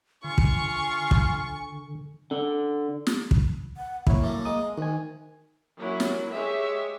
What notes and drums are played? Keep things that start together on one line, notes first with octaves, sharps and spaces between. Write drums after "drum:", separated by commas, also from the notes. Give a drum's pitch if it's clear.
D3 F4 G#5 C#6
drum: kick
drum: kick
D3
drum: snare
drum: kick
F#5
A#3 E4 C#5, drum: kick
F#2 G3 A3
G#3 D#6
D2 D#3 G#5
F#3 A#3 C#4 E4
drum: snare
G#3 G4 G#4 C#5 E5